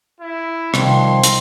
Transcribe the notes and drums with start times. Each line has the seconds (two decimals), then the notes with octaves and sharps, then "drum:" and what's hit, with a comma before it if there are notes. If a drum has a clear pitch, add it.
0.21 E4
0.74 C2 D#3 F3 C6, drum: rim click
1.24 drum: hi-hat